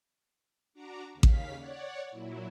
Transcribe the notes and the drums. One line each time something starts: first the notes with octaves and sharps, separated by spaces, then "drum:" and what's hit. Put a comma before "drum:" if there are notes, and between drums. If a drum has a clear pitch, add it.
D4 F#4 D5 A#5
D#2 C#3 F5 B6
drum: kick A1
C#5 D5 F#5
A#2 F#3 E4